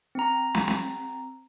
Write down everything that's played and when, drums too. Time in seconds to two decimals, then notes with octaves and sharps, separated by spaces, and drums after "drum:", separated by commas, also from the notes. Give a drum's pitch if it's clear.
0.15 C4 A#5
0.55 drum: snare
0.68 drum: snare